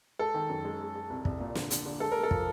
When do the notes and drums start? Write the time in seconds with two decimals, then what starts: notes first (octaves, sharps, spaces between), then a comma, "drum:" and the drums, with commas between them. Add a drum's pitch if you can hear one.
0.19 G#3 A4
0.34 D#3
0.49 F#2
0.64 G#3
0.80 G#3
0.95 G#3
1.10 C2
1.25 C2, drum: kick
1.40 A#2
1.55 D3, drum: snare
1.70 D3, drum: hi-hat
1.86 D3
2.00 G#3 A4
2.12 G#3 A#4
2.23 A4
2.31 F3, drum: kick